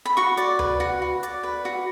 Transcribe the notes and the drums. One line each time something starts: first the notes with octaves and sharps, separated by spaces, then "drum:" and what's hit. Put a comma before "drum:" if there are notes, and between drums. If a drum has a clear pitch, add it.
B5
F#4 C#6
D5, drum: hi-hat
B4, drum: tom D2
F#4
F#4
D5, drum: hi-hat
B4
F#4